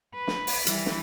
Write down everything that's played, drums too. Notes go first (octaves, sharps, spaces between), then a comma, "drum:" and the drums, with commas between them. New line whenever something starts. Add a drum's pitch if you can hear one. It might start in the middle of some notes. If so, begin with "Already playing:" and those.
B4
drum: snare
drum: open hi-hat
E3 G3, drum: hi-hat
drum: snare